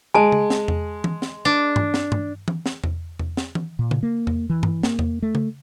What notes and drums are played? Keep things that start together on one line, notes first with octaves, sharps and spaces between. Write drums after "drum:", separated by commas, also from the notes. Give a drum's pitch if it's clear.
G#3 G#5 A5
drum: tom C#3
drum: snare
drum: tom E2
drum: tom E3
drum: snare
D4
drum: tom G2
drum: snare
drum: tom G2
drum: tom E3
drum: snare
drum: tom E2
drum: tom E2
drum: snare
drum: tom E3
A#2
drum: tom C#3
A#3
drum: tom E2
E3
drum: tom G2
A#3, drum: snare
drum: tom E2
A3
drum: tom C#3